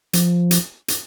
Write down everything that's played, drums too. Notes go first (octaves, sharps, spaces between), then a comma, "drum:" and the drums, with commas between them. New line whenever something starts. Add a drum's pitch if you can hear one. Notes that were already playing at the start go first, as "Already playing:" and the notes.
F3, drum: hi-hat
drum: hi-hat
drum: hi-hat